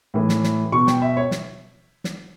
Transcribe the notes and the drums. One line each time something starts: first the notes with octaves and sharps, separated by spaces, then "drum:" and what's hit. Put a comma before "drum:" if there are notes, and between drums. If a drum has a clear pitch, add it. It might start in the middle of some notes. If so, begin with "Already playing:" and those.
A2 E3
drum: snare
drum: snare
B2 C#6
G5, drum: snare
E5
C#5
drum: snare
drum: snare